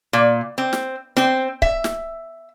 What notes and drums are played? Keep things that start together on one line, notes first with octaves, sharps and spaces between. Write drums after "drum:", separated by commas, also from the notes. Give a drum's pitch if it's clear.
A#2
C4
drum: snare
C4, drum: snare
E5, drum: kick C#1
drum: snare